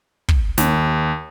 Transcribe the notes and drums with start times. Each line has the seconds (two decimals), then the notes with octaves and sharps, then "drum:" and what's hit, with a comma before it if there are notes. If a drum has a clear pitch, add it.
0.28 drum: kick
0.58 D#2, drum: snare